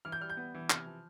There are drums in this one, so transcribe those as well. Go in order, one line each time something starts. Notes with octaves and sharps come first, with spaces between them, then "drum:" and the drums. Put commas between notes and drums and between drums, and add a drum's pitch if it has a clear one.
E3 F6
G6
G3 F6
G6
B3
E3
C3 F6, drum: clap
F3